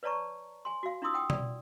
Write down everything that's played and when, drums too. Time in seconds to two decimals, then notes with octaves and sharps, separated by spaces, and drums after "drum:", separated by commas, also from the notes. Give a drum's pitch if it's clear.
0.03 B4 C#5 D5 A5 A#5 C#6
0.65 G#5 C6
0.83 F#4 F5
1.02 D4 E4 F4 C6 D#6 E6
1.14 F#5 G5 D#6
1.30 D5, drum: tom B2